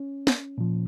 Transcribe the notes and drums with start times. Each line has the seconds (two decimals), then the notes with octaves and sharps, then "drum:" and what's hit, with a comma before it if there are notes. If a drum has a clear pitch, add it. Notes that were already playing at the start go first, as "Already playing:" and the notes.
Already playing: C#4
0.27 drum: snare
0.58 A#2 F3